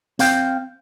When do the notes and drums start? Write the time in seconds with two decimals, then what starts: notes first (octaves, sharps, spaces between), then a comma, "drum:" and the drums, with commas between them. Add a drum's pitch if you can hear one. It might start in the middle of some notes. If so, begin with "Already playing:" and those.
0.19 C4 F5 G5, drum: hi-hat